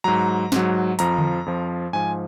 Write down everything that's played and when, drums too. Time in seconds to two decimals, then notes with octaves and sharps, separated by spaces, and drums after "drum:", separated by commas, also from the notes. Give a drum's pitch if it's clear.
0.04 G#2 F#3 A#5
0.52 G#2 F#3, drum: snare
0.99 F2 F3 A#5, drum: hi-hat
1.18 drum: tom D3
1.46 F2 F3
1.93 G#2 F3 G#5